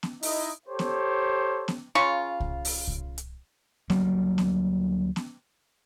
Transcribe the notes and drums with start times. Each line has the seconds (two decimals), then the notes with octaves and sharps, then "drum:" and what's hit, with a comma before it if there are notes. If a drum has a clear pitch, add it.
0.03 drum: snare B3
0.23 D#4 E4 D#5, drum: open hi-hat
0.68 G4 A4 C5 C#5
0.79 drum: snare B3
1.68 drum: snare B3
1.95 C#3 F4 C#6
2.40 drum: kick C2
2.65 drum: open hi-hat
2.88 drum: kick C2
3.18 drum: hi-hat
3.90 D2 F#3 G3 A#3, drum: snare B3
4.38 drum: snare B3
5.16 drum: snare B3